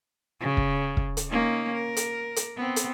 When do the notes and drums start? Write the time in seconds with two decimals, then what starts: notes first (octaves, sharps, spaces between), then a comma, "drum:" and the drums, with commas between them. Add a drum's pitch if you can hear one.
0.41 C#3
0.57 drum: kick
0.97 drum: kick
1.17 drum: hi-hat
1.29 A#3 C#4 D#4
1.74 A#4
1.97 drum: hi-hat
2.36 drum: hi-hat
2.56 B3 C4
2.76 drum: hi-hat